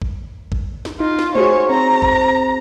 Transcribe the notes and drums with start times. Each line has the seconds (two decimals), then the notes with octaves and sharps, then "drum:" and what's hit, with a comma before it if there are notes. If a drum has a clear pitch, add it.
0.02 drum: kick G#1
0.52 drum: kick G#1
0.85 drum: snare
1.00 D#4 F4
1.19 drum: snare
1.35 F#4 G#4 C5 C#5, drum: tom G#3
1.70 C4 C5 A#5
2.02 drum: kick G#1